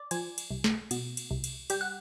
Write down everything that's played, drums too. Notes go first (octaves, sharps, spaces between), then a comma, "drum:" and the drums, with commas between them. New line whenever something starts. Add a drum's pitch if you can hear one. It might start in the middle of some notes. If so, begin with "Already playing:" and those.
Already playing: D5
F3 G#5, drum: cymbal
drum: cymbal
C2
drum: snare
B2, drum: cymbal
drum: cymbal
C2
drum: cymbal
G3 G5, drum: cymbal
F#5